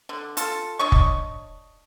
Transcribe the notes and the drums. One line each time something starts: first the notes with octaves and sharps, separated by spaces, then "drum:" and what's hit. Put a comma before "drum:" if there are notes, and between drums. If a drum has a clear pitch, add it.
D3
F4 A4, drum: hi-hat
D4 C#5 D#5 C#6
drum: kick